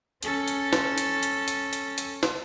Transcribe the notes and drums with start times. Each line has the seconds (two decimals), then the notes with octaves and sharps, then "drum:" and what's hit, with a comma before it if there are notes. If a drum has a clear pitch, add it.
0.23 C#4 A4, drum: hi-hat
0.48 drum: hi-hat
0.73 drum: snare
0.98 drum: hi-hat
1.23 drum: hi-hat
1.48 drum: hi-hat
1.73 drum: hi-hat
1.98 drum: hi-hat
2.23 drum: snare